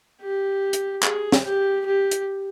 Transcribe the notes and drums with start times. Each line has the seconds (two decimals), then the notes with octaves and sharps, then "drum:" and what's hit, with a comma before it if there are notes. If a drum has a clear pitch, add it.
0.21 G4
0.73 drum: hi-hat
1.03 G#4, drum: clap
1.32 drum: snare
1.44 G4
1.85 G4
2.11 drum: hi-hat